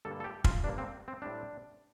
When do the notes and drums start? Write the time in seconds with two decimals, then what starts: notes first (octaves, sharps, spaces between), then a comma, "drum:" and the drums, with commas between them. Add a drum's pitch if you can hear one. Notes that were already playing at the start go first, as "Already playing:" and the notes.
0.05 G2 D3 G3 A#3 A4
0.20 A4
0.24 G4
0.44 F4, drum: kick
0.63 G2 D3 G3 A#3 D4
0.78 C4
1.08 C4
1.22 A2 G3 C4 D4